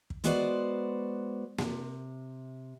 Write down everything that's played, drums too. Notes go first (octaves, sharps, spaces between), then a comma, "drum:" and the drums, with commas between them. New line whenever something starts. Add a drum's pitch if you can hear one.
drum: kick
G#3 B3 F#4 B4 C5 D5, drum: hi-hat
C3, drum: snare A#3